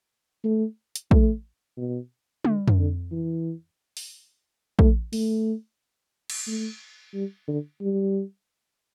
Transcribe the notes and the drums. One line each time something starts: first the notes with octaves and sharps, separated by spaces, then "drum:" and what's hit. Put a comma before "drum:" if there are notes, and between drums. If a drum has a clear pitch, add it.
A3
drum: hi-hat
A3, drum: kick
B2
D3, drum: tom G3
drum: tom
D3
E3
drum: open hi-hat
A3, drum: kick
A3, drum: open hi-hat
drum: cymbal
A3
G3
D3
G3